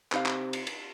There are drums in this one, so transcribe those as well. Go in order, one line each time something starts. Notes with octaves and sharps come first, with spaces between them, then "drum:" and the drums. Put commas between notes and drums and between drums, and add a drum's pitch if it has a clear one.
C3 D#4 F5, drum: clap
drum: clap
drum: cymbal
drum: cymbal